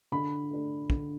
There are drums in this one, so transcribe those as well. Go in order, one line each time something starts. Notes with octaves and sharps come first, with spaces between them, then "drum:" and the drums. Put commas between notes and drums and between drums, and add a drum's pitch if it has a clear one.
D3 B5
A3 D4
D3, drum: kick